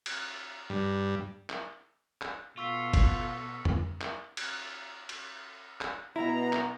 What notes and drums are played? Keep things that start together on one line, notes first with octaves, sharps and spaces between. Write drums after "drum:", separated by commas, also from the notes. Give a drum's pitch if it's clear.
drum: cymbal
G2
drum: clap
drum: clap
B2 F4 A4 C#6 E6 B6
drum: kick, cymbal
drum: tom F2
drum: clap
drum: cymbal
drum: cymbal
drum: clap
B2 E4 A#5
drum: clap